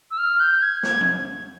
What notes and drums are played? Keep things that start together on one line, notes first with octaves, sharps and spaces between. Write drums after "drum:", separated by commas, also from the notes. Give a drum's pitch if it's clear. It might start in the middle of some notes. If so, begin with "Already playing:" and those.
E6
F6
G6
G#6
G#6, drum: snare
drum: tom F3